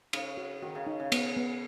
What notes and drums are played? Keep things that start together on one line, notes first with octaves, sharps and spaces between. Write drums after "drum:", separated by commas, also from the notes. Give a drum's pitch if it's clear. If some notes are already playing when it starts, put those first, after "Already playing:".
C#3 D#4, drum: cymbal
F#4
D#3 F#4
C#3
D#4
C#3
B3, drum: cymbal
B3